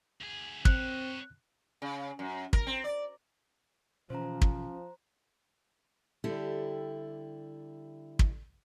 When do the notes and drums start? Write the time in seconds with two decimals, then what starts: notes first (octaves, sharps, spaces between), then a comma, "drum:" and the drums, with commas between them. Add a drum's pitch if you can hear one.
0.21 D2 G#4
0.65 C4 A#4 C#5 F#6, drum: kick
1.82 C#3
2.19 F#2
2.53 A#4, drum: kick
2.67 C4
2.84 D5
4.10 B2 E3 F3 C#4 C5 A#5
4.42 drum: kick
6.24 D3 G3 E4 G4 A4
8.19 drum: kick